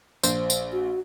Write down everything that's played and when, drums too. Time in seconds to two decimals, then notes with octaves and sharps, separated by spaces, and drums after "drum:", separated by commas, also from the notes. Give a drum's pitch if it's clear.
0.23 A#1 C5, drum: tambourine
0.50 drum: tambourine
0.72 F#4